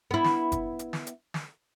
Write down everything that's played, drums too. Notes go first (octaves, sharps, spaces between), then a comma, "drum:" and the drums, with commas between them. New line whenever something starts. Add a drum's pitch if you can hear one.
B3 E4
drum: snare
drum: kick F#1, hi-hat
drum: hi-hat
drum: snare
drum: hi-hat
drum: snare